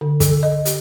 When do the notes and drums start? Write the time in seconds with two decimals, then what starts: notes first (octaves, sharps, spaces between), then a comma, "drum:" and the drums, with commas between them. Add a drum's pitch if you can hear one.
0.01 D3
0.20 A4, drum: kick, hi-hat
0.43 D#5
0.65 G4, drum: hi-hat